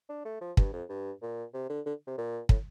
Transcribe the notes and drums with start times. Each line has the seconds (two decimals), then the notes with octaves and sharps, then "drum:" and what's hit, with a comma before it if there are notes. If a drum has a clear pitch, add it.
0.09 D4
0.25 A3
0.41 F3
0.57 G2, drum: kick
0.73 F2
0.89 G2
1.22 A#2
1.53 C3
1.69 D3
1.86 D3
2.07 C3
2.18 A#2
2.49 A2, drum: kick